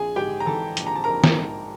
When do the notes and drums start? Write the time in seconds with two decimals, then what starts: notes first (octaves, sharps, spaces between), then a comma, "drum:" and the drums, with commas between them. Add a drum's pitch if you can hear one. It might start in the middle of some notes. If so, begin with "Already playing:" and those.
Already playing: A#1 G#4 G#5
0.16 G#2 G4 G5
0.40 A#5
0.46 E3 A4 A5
0.77 A#1, drum: hi-hat
0.87 A#5
0.95 A5
1.04 A#1 A#4 A#5
1.24 drum: snare
1.38 G#2